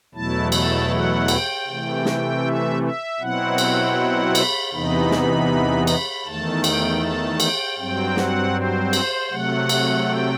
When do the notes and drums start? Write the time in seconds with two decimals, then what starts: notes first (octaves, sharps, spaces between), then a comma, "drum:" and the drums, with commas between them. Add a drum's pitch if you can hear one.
0.14 E2 B2 F#3 A3 E4 A5
0.52 A5, drum: cymbal
0.91 F#5
1.28 G5, drum: cymbal
1.67 C3 E3 A3
2.05 drum: snare
2.44 E5
2.82 E5
3.19 B2 F#3 C4 E4 F#5
3.58 drum: cymbal
4.35 B5, drum: cymbal
4.72 E2 C3 E3 B3 D#4 B5
5.11 drum: snare
5.87 B5, drum: cymbal
6.25 E2 D#3 A3 A5
6.64 G5, drum: cymbal
7.02 A5
7.40 G5, drum: cymbal
7.78 G2 F#3 C4 G5
8.17 F#5, drum: snare
8.54 C5
8.93 drum: cymbal
9.31 C3 F#3 A3 F#5
9.69 drum: cymbal
10.07 G5